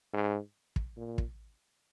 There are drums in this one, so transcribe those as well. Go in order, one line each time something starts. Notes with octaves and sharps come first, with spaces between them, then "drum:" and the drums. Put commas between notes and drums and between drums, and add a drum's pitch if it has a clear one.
G#2
drum: kick
A#2
drum: kick